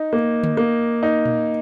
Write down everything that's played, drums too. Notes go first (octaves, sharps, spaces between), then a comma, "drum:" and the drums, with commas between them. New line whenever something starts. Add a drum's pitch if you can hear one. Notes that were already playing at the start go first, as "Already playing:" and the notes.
Already playing: D#4
A#3
drum: tom D3
A#3
D#4
drum: tom A#2